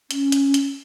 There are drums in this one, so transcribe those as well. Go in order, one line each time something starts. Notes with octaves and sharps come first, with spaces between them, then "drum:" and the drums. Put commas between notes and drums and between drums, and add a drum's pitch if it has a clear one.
C#4, drum: hi-hat
drum: hi-hat
drum: hi-hat